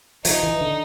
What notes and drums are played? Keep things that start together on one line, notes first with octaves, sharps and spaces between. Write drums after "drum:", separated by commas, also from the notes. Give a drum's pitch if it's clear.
F3 D#4, drum: hi-hat
E3
D3